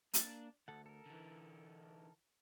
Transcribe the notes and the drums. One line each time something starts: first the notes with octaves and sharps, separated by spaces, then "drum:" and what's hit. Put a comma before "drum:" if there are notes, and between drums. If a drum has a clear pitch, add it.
A#3 D4, drum: hi-hat
D2 A4 F#5
A4 A#4
D3 E3